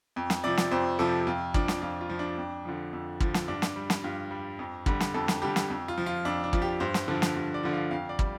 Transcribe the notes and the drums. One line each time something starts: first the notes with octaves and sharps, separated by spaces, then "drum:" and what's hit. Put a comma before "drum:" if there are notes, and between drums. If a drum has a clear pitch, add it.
F2
drum: snare
C3 F3 D5
drum: snare
F2 C5
C3 F3 A4
F2 F4
F3 D4, drum: kick
drum: snare
F2 F4
F4
F3
D4
F2
D3 F3
F2
D3 F3, drum: kick
drum: snare
G2 D4
drum: snare
G3
drum: snare
G2 F4
G3
F2
D3 G3, drum: kick
drum: snare
F2 A4
drum: snare
D3 G3 G4
drum: snare
F2
F4
F3
F4
F2 D4
D4
F3, drum: kick
G4
G2 C5
drum: snare
D3 F3 A4
drum: snare
G2
D5
D3 F3
F5
F2 F5
D5
G3, drum: kick